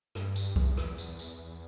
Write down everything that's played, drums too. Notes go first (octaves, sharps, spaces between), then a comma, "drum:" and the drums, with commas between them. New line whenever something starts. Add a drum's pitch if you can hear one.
G2, drum: rim click
drum: tambourine
E2, drum: kick C2
drum: rim click
E2, drum: tambourine
drum: tambourine